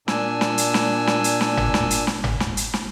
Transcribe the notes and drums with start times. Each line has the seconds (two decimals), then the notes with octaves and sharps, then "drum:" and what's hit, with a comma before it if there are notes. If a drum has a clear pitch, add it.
0.08 A#2 D4 G#5 E6, drum: snare
0.41 drum: snare
0.58 drum: hi-hat
0.74 drum: snare
1.07 drum: snare
1.24 drum: hi-hat
1.41 drum: snare
1.57 drum: tom G1
1.74 drum: snare
1.91 drum: hi-hat
2.07 drum: snare
2.24 drum: tom G1
2.40 drum: snare
2.57 drum: hi-hat
2.74 drum: snare